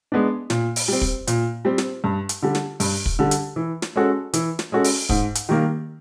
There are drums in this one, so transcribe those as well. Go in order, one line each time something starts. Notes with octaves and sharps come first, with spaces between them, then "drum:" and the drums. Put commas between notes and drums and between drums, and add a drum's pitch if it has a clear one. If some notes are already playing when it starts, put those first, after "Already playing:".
G#3 B3 D4
A#2, drum: snare
drum: open hi-hat
G3 C4
drum: kick
A#2, drum: hi-hat
G3 C4
drum: snare
G2
drum: hi-hat
D3 G3
drum: snare
G2, drum: open hi-hat
drum: kick
D3 G3
drum: hi-hat
E3
drum: snare
G#3 C#4 F#4 A4
E3, drum: hi-hat
drum: snare
G#3 C#4 F#4 A4
drum: open hi-hat
G#2, drum: kick
drum: hi-hat
D#3 G3 A#3